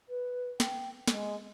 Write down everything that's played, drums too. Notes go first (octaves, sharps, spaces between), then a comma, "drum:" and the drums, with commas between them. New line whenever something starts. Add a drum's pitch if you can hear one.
B4
G5, drum: snare
G#3, drum: snare